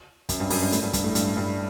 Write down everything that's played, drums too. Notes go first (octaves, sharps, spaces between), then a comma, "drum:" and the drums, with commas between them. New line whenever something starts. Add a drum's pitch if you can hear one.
F#2, drum: kick, hi-hat
G2
F#2, drum: open hi-hat
G2
A2, drum: hi-hat
G2
G2, drum: kick, hi-hat
A2
G2, drum: hi-hat
G2